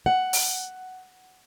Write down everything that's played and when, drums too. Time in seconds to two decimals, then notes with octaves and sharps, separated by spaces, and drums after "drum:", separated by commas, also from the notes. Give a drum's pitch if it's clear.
0.06 F#5
0.33 drum: open hi-hat